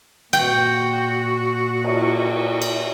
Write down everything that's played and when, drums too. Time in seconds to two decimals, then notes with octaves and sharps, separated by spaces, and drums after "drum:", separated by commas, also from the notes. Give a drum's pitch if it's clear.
0.33 A#2 F#4 G5, drum: cymbal
1.84 drum: cymbal
2.62 drum: cymbal